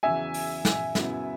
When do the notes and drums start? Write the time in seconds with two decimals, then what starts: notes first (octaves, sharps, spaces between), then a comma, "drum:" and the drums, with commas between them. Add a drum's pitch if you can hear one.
0.03 E2 C#3 F#3 E5 G#5
0.34 drum: open hi-hat
0.65 drum: snare
0.95 F#2 C#3 F#3 B3 E4, drum: snare